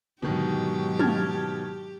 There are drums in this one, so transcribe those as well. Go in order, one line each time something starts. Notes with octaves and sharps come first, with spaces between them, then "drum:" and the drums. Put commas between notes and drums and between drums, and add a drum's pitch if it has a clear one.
G#2 B2 D3 D#3 F#3 G4
A5 F6 G#6, drum: tom